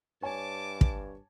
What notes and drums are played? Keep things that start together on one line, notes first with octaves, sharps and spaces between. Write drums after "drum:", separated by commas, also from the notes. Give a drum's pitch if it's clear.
G2 C#5 G#5 A5 D6
drum: kick